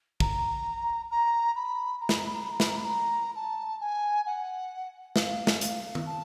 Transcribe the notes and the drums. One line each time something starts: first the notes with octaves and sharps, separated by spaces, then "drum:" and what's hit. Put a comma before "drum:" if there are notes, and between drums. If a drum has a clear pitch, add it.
A#5, drum: kick
A#5
B5
A#5
B5, drum: snare
A#5
B5
A#5
B5
A#5
B5, drum: snare
A#5
B5
A#5
A5
G#5
F#5
F5, drum: snare
drum: snare
F5, drum: hi-hat
drum: tom D#3
A5